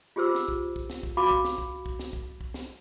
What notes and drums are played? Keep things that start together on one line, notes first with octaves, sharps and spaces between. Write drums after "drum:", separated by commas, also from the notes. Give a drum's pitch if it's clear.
F4 G4 G#4 C5 E6
drum: snare
drum: kick
drum: kick
drum: snare
drum: kick
F#4 F5 B5 D6
drum: kick
drum: snare
drum: kick
drum: kick
drum: snare
drum: kick
drum: kick
drum: snare